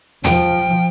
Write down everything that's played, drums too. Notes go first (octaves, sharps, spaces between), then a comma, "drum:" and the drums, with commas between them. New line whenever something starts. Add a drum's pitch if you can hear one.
F3 G5, drum: tom E2